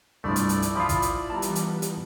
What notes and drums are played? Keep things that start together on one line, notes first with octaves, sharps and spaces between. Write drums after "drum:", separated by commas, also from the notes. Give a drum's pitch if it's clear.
C2 G2 F3 G3 A3 E4 D5
drum: hi-hat
drum: hi-hat
drum: hi-hat
F3 F4 B5 D6 D#6
drum: kick, hi-hat
drum: hi-hat
E3 G3 B3 A5 A#5
drum: hi-hat
drum: hi-hat
drum: hi-hat